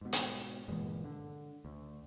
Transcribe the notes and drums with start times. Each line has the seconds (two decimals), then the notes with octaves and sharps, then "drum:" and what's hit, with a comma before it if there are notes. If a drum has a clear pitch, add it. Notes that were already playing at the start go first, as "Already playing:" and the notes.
0.01 G#2 B2
0.13 drum: hi-hat
0.68 G1 A#2 E3 G#3
1.04 D3
1.65 D2